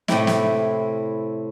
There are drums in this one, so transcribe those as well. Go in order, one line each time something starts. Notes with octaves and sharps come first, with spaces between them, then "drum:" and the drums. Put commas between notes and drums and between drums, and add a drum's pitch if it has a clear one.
A2 C3 C4 E4, drum: snare
drum: snare